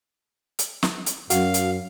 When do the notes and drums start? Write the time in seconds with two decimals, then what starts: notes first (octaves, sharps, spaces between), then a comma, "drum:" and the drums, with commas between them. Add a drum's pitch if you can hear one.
0.59 drum: hi-hat
0.83 drum: snare
1.06 drum: hi-hat
1.30 F#2 F#4 F5, drum: hi-hat
1.54 drum: hi-hat